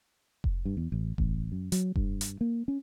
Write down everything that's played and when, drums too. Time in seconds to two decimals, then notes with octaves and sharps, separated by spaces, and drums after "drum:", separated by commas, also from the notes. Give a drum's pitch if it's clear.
0.44 drum: kick F1
0.65 G2
0.77 E2
0.92 A1
1.18 A1, drum: kick F1
1.52 F#2
1.72 F#3, drum: hi-hat
1.96 G2, drum: kick F1
2.21 drum: hi-hat
2.41 A#3
2.68 C#4